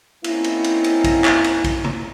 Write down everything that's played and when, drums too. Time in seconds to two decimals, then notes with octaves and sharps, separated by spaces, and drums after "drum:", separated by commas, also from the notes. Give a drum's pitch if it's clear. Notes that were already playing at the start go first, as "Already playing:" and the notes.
0.24 A#3 C4 C#4 D#4 E4, drum: cymbal
0.44 drum: cymbal
0.64 drum: cymbal
0.84 drum: cymbal
1.04 drum: kick, cymbal
1.24 drum: clap
1.44 drum: cymbal
1.64 drum: kick, cymbal
1.84 drum: tom